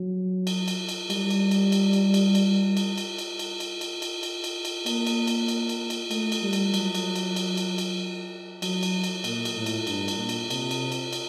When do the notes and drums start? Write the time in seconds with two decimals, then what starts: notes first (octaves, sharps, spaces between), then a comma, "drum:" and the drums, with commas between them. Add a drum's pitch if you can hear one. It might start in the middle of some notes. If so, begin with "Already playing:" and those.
Already playing: F#3
0.47 drum: cymbal
0.68 drum: cymbal
0.89 drum: cymbal
1.10 G3, drum: cymbal
1.30 drum: cymbal
1.51 drum: cymbal
1.72 drum: cymbal
1.93 drum: cymbal
2.14 drum: cymbal
2.35 drum: cymbal
2.77 drum: cymbal
2.98 drum: cymbal
3.18 drum: cymbal
3.39 drum: cymbal
3.60 drum: cymbal
3.81 drum: cymbal
4.02 drum: cymbal
4.23 drum: cymbal
4.44 drum: cymbal
4.65 drum: cymbal
4.86 A#3, drum: cymbal
5.07 drum: cymbal
5.27 drum: cymbal
5.48 drum: cymbal
5.69 drum: cymbal
5.90 drum: cymbal
6.11 A3, drum: cymbal
6.32 drum: cymbal
6.43 G3
6.53 drum: cymbal
6.74 F#3, drum: cymbal
6.95 drum: cymbal
7.15 drum: cymbal
7.36 drum: cymbal
7.57 drum: cymbal
7.78 drum: cymbal
8.62 F#3, drum: cymbal
8.83 drum: cymbal
9.04 drum: cymbal
9.24 A#2, drum: cymbal
9.45 drum: cymbal
9.56 A2
9.66 drum: cymbal
9.87 G2, drum: cymbal
10.08 drum: cymbal
10.18 A#2
10.29 drum: cymbal
10.50 C3, drum: cymbal
10.71 drum: cymbal
10.92 drum: cymbal
11.13 drum: cymbal